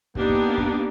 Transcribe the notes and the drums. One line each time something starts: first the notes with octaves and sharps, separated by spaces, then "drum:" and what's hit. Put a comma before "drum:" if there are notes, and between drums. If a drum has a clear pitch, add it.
A#3 B3 D4 D#4 G4, drum: kick
drum: kick
drum: kick